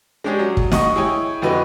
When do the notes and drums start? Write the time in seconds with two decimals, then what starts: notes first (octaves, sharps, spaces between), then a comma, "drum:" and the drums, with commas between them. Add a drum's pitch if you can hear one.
0.24 G#3 C#4 D4 G4 G#4
0.39 F#3
0.57 drum: kick
0.72 D#5 F#5 C#6 D#6, drum: snare
0.96 E4 G#4 C#5 G5 G#5
1.42 F2 D3 F#4 B4 D#5